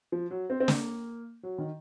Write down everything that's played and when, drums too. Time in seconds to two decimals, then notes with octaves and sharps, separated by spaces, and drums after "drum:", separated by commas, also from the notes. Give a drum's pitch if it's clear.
0.12 F3
0.31 F#3
0.50 C4
0.60 C4
0.68 A#3, drum: snare
1.43 F#3
1.58 D#3